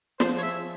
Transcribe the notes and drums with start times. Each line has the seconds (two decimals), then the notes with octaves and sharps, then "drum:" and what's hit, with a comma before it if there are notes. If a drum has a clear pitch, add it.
0.20 F3 C5, drum: snare
0.38 C#5
0.43 G#4 E5